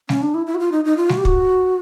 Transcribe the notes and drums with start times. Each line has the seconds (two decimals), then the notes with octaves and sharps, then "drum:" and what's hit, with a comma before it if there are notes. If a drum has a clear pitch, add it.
0.09 C#4, drum: snare G3
0.22 D4
0.34 E4
0.46 E4
0.55 F#4
0.60 F4
0.72 D#4
0.85 D#4
0.97 F4
1.09 F#4, drum: snare G3
1.17 G4
1.25 F#4, drum: kick